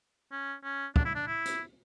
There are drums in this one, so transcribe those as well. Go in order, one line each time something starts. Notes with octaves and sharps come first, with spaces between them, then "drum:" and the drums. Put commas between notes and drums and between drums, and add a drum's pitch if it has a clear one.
C#4
C#4
D4, drum: kick
E4
D4
E4
drum: hi-hat